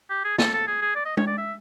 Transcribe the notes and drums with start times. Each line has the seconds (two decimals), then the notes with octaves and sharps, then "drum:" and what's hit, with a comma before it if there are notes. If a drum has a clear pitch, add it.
0.10 G4
0.25 G#4
0.38 A4, drum: snare
0.53 A4
0.67 G#4
0.82 G#4
0.95 D5
1.06 D#5
1.17 C#5, drum: tom G#3
1.27 D5
1.38 E5